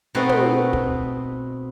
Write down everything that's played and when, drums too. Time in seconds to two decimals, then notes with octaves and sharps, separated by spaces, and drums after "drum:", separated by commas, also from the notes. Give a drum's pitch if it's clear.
0.15 B2 A3 B3 C4 D#4 F#4
0.29 drum: tom
0.73 drum: kick